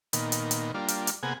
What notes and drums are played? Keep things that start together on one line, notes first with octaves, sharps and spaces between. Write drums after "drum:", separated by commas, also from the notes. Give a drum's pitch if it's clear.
A#2 D#3 B3, drum: hi-hat
drum: hi-hat
drum: hi-hat
G3 A#3 D4 F4
drum: hi-hat
drum: hi-hat
C3 A#3 B3 G#4 F#5 G#5